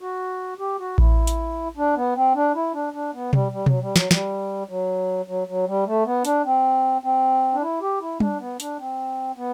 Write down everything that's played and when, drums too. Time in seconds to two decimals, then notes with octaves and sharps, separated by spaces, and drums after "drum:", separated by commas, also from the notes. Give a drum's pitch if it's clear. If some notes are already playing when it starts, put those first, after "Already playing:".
0.01 F#4
0.59 G4
0.79 F#4
0.98 E4, drum: kick A1
1.27 drum: hi-hat
1.77 D4
1.96 B3
2.16 C4
2.35 D4
2.55 E4
2.74 D4
2.93 D4
3.14 B3
3.33 G3, drum: tom B2
3.52 G3
3.66 F#3, drum: tom B2
3.81 G3
3.96 F#3, drum: snare
4.11 G3, drum: snare
4.69 F#3
5.28 F#3
5.48 F#3
5.67 G3
5.86 A3
6.06 B3
6.25 D4, drum: hi-hat
6.45 C4
7.04 C4
7.54 D4
7.62 E4
7.81 G4
8.00 E4
8.20 D4, drum: tom G3
8.40 B3
8.60 D4, drum: hi-hat
8.79 C4
9.37 B3